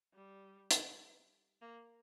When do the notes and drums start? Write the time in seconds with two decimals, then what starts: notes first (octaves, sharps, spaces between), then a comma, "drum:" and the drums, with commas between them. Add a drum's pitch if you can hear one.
0.14 G3
0.71 drum: hi-hat
1.62 A#3